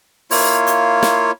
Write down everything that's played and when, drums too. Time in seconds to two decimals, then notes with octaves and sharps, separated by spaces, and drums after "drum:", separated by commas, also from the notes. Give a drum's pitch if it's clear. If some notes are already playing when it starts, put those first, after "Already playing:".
0.31 A#3 E4 F4 C#5, drum: open hi-hat
0.67 drum: hi-hat
1.03 drum: snare